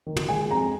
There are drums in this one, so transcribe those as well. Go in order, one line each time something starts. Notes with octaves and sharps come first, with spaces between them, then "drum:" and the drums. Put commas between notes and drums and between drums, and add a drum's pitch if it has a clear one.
D#3
drum: tom
G#3 G#5
F2 A#5